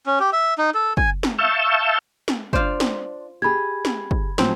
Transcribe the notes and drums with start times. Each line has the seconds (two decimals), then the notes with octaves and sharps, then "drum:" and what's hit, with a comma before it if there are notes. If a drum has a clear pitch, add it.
0.06 C#4
0.20 G4
0.33 E5
0.58 D#4
0.74 A4
0.97 G#5, drum: kick
1.23 drum: snare
1.39 E5 F5 A5 C#6 E6 G6
2.28 drum: snare
2.53 D4 F4 C5 D5, drum: kick
2.80 drum: snare
3.42 G4 G#4 B5 G#6
3.85 drum: snare
4.11 drum: kick
4.38 A2 F3 F#3 C4, drum: snare